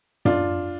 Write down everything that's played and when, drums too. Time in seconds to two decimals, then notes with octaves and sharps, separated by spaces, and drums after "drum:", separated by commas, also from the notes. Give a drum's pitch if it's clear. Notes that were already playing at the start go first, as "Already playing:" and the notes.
0.25 D4 F4, drum: tom F#2